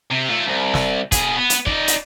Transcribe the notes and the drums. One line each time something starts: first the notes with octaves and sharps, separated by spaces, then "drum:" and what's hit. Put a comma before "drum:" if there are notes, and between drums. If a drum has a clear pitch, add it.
C3
A3 F4
C2
drum: snare
B2 G#4, drum: kick, hi-hat
B3
drum: hi-hat
D#4 D5, drum: kick
drum: hi-hat